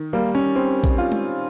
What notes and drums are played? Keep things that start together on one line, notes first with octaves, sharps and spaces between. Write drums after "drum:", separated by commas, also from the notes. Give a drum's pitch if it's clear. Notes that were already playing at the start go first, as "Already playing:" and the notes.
Already playing: D#3
G3 A#3
C#4
C4
drum: kick, tambourine
F4
drum: tom G#3